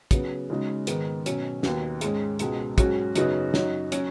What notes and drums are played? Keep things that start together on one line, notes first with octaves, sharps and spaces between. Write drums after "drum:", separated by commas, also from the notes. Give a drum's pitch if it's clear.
C#3 F#3 B3, drum: kick, hi-hat
C#3 G#3 D#4 F#4
G#2 D#3 B3, drum: hi-hat
B2 F#3 C#4, drum: hi-hat
D#2 D#3 B3 F#4, drum: snare
G#2 G#3 C#4, drum: hi-hat
C#2 B2 G#3, drum: hi-hat
G#2 F#3 C#4 F#4, drum: kick, hi-hat
F#2 C#3 B3 D#4 F#4, drum: hi-hat
F#2 F#3 D#4 F#4, drum: snare
F#3 C#4 F#4, drum: hi-hat